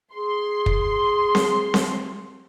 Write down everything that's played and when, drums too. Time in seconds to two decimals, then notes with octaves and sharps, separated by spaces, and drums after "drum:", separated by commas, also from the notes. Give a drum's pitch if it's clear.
0.14 G#4 C6
0.66 drum: kick
1.35 drum: snare C4
1.74 drum: snare C4